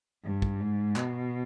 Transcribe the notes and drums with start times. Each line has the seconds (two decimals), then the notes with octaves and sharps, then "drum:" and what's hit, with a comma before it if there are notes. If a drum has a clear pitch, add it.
0.24 G2
0.42 drum: kick
0.60 G#2
0.96 B2, drum: clap